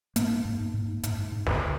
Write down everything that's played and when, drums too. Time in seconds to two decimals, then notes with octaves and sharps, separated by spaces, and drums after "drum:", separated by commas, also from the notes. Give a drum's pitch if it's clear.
0.16 G#2 A#3, drum: hi-hat
0.45 G#2
0.74 G#2
1.03 G#2, drum: hi-hat
1.32 G#2
1.47 drum: snare